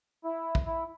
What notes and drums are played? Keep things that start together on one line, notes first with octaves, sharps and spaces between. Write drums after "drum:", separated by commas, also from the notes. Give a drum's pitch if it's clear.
E4
drum: kick
E4